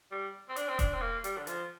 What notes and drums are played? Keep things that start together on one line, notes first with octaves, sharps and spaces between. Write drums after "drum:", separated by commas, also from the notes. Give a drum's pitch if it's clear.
G3
C4
D4, drum: hi-hat
C4
D4, drum: kick E1, hi-hat
C4
A#3
G3, drum: hi-hat
D3
F3, drum: hi-hat